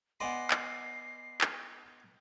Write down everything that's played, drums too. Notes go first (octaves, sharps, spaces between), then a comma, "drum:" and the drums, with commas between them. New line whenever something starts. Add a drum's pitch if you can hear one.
B3 D5 D#5 F#5 G#5 C6 C7
drum: clap
drum: clap